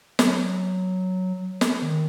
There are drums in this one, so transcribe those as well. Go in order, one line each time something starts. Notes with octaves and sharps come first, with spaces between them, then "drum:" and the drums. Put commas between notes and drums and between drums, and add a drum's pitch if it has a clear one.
F#3, drum: snare
drum: snare
D#3